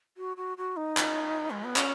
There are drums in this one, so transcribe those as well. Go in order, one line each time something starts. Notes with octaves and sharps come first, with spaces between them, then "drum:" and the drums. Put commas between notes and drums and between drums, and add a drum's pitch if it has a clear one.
F#4
F#4
F#4
D#4
drum: clap
G#3
B3
C#4, drum: clap